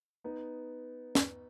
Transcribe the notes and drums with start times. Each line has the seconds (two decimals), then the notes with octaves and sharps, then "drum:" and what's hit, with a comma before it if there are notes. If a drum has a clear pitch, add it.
0.24 B3 D#4
1.15 drum: snare